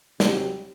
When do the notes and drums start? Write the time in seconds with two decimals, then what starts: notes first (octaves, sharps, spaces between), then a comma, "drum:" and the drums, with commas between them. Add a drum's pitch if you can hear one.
0.20 C3 F#3 C4 G4, drum: snare